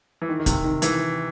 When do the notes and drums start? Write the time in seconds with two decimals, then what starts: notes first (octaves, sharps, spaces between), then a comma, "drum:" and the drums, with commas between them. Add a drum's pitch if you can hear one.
0.22 E3
0.29 D#3
0.40 D#3
0.46 C3, drum: kick, hi-hat
0.64 D#3
0.82 E3, drum: hi-hat